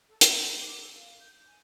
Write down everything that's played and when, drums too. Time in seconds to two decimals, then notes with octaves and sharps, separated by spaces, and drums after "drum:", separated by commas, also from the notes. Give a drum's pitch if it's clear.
0.09 A4
0.21 C#5, drum: hi-hat
0.43 B4
0.60 D6
0.80 A4
0.94 F5
1.19 G6
1.46 G#5